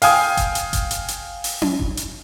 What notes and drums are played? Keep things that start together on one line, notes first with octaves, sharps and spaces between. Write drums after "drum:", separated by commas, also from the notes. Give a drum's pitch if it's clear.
F5 G5 G#5 D#6, drum: open hi-hat
drum: kick F#1, hi-hat
drum: hi-hat
drum: kick F#1, hi-hat
drum: hi-hat
drum: hi-hat
drum: open hi-hat
drum: tom C#4
drum: kick F#1
drum: hi-hat